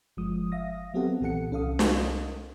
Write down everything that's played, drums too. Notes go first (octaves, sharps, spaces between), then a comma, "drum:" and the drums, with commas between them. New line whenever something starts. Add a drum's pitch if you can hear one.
G1 F3 G#3 D#6
E5 F5 D#6 A#6
F#3 B3 C4 G4 A4 F#5
B1 A#2 E3 A4 F#5 C#7
C2 C#4 A4 F5 D#6
drum: snare